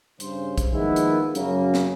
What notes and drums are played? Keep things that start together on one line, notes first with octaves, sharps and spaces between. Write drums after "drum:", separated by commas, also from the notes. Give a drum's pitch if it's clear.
G2 C#3 C5, drum: hi-hat
drum: kick, hi-hat
D#3 F3 G#3 A#3 B3 E4
drum: hi-hat
F#2 C#3 A#3, drum: hi-hat
drum: snare